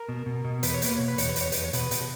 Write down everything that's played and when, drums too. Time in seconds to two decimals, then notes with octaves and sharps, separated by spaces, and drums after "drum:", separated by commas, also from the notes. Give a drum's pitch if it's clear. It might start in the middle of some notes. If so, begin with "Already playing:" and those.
Already playing: A#4
0.09 B2
0.26 B2
0.45 B2
0.63 E2 B4, drum: hi-hat
0.74 C#5
0.82 A#3 B4, drum: hi-hat
0.96 B2 C#5
1.08 B4
1.18 E2 C#5, drum: hi-hat
1.29 B4
1.36 E2, drum: hi-hat
1.41 C#5
1.52 E2 B4, drum: hi-hat
1.64 C#5
1.73 B2 B4, drum: hi-hat
1.91 B2, drum: hi-hat